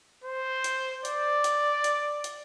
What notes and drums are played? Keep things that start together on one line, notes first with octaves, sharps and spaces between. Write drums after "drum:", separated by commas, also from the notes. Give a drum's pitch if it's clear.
C5
drum: hi-hat
D5, drum: hi-hat
drum: hi-hat
drum: hi-hat
drum: hi-hat